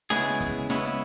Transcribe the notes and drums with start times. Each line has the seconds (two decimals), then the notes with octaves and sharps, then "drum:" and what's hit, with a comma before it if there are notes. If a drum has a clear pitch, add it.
0.10 C#3 G#3 B3 E4 G#4, drum: snare
0.26 drum: hi-hat
0.40 drum: kick, hi-hat
0.70 C#3 G#3 B3 E4, drum: snare
0.85 drum: hi-hat